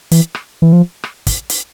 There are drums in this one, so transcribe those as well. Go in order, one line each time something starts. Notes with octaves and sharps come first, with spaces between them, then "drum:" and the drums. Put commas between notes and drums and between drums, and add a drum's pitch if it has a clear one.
E3, drum: hi-hat
drum: rim click
E3
F3
drum: rim click
drum: kick, hi-hat
drum: hi-hat